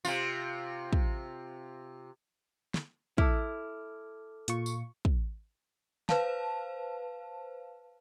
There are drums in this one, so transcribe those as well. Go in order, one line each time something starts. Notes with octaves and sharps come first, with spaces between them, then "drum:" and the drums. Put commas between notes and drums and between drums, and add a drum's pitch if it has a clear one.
C3 F4, drum: tambourine
drum: kick
drum: snare
E4 A4 D6 F6, drum: kick
A#2 F4 C#6, drum: hi-hat
drum: tambourine
drum: kick
B4 C5 F5 A5, drum: snare